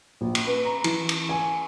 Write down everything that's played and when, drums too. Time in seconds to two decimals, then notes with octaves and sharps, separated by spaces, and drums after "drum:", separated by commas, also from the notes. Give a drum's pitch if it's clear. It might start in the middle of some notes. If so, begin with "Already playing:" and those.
0.21 A#1
0.35 drum: cymbal
0.47 B4
0.65 A#5
0.84 E3, drum: cymbal
1.09 drum: cymbal
1.29 G#5